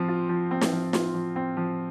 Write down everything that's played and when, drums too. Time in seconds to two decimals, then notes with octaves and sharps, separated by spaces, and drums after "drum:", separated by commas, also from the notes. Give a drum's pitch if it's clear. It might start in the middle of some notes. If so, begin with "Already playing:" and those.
Already playing: F3 C4
0.08 F4
0.29 F3
0.51 C4
0.61 drum: snare
0.72 F3
0.93 F4, drum: snare
1.14 F3
1.36 C4
1.57 F3